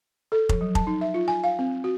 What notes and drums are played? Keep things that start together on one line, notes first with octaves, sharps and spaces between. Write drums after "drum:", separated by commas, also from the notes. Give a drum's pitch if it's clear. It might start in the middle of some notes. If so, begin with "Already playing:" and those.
A4
F3, drum: kick F1
F#3
A5, drum: kick F1
D#4
E5
F4
G#5
F5
C4
F#4